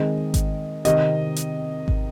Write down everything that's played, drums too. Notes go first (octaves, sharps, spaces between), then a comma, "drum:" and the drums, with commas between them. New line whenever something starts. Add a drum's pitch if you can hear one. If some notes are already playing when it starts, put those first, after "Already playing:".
Already playing: D#3 G#3 C4 D#5
drum: kick G#1, hi-hat
C3 D#3 C4 D#5, drum: hi-hat
drum: hi-hat
drum: kick G#1